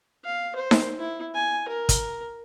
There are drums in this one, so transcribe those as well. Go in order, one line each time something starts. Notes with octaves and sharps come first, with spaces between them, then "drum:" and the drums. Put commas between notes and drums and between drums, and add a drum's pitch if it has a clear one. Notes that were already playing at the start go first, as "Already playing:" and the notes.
F5
C5
drum: snare D#4
E4
G#5
A#4
drum: kick, hi-hat